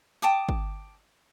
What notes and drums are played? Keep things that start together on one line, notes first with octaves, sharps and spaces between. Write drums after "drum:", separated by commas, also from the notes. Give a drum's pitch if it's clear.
G5 A5 D6 D#6
drum: kick